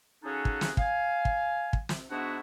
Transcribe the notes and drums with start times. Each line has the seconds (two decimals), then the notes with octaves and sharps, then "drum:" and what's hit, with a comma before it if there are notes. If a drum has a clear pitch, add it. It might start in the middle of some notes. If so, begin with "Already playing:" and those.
0.23 C#3 C#4 D#4 F#4 G#4 A4
0.45 drum: kick
0.61 drum: snare
0.77 F5 G#5, drum: kick
1.25 drum: kick
1.73 drum: kick
1.89 drum: snare
2.11 G#2 B3 D4 E4 F#4